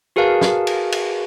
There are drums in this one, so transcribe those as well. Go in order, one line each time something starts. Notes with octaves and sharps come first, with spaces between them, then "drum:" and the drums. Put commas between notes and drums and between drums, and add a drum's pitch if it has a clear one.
F#4 G#4 A#4 B4 F5 A5
drum: snare
drum: cymbal
drum: cymbal